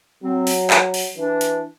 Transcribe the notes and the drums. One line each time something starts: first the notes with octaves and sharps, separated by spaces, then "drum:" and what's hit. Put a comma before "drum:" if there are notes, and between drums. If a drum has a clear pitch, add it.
F#3 C4
drum: open hi-hat
drum: clap
drum: open hi-hat
E3 D4
drum: hi-hat